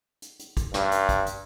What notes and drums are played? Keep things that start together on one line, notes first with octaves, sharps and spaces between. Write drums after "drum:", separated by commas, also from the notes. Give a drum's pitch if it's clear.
drum: hi-hat
drum: hi-hat
drum: kick, hi-hat
G2, drum: snare
drum: hi-hat
drum: kick, hi-hat
drum: hi-hat